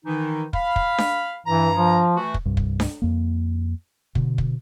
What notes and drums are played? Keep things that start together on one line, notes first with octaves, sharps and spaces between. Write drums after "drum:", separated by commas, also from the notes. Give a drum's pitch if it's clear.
D#3 E3 D#4
F5 B5, drum: kick
drum: kick
drum: snare D4
G2 E3 A#5
F3
E3 A3 F#4
drum: kick
C2 G2
drum: kick
drum: snare D4
F2 A#3
B2 D3, drum: kick
drum: kick